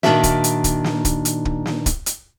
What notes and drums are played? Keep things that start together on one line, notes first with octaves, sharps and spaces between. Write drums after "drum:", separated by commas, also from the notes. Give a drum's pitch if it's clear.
A#2 D#3 F#3 D4 F#4 E5, drum: snare
drum: kick, hi-hat
drum: hi-hat
drum: kick, hi-hat
drum: snare
drum: kick, hi-hat
drum: hi-hat
drum: kick
drum: snare
drum: kick, hi-hat
drum: hi-hat